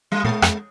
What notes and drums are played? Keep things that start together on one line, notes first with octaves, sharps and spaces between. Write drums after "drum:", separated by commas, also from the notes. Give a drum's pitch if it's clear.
G3
A#2 G#3
F2, drum: rim click